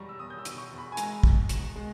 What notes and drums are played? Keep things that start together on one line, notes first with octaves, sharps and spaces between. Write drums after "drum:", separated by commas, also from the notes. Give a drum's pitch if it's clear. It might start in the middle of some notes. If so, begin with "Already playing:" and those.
Already playing: E2 B2 G3 A#5 C#6
E6
E2 D#6
G6
E6
B2, drum: hi-hat
C#6
E2
B5
G#5
G#3 A#5, drum: hi-hat
B2, drum: kick
B2, drum: hi-hat
G#3